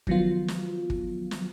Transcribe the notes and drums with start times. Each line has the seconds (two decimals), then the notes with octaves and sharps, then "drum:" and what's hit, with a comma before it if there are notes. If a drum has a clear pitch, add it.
0.07 D#3 F3 F#3 B3 F4, drum: kick G1
0.48 drum: snare
0.90 drum: kick G1
1.31 drum: snare